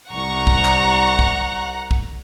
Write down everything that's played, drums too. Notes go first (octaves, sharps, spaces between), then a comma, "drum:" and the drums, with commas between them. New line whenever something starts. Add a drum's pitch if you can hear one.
C2 F#5 A#5 C#6
drum: kick
drum: clap
drum: kick
drum: kick